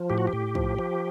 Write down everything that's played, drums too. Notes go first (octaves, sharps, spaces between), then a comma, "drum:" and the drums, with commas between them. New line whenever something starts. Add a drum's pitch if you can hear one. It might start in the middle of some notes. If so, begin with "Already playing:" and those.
Already playing: F3
A2 G4
F#4
G4
A2
F3, drum: kick
F3